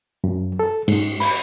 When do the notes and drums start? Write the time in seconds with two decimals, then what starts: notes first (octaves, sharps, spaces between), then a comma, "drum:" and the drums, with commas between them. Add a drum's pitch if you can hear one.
0.24 F#2
0.59 A4
0.88 G#2, drum: cymbal
1.20 B5, drum: open hi-hat